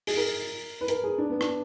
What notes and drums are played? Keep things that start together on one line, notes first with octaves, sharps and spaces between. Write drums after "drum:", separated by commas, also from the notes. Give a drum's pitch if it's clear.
G#4, drum: open hi-hat
A#4
B4
A#4, drum: hi-hat
G#4
D4
B3
D4, drum: rim click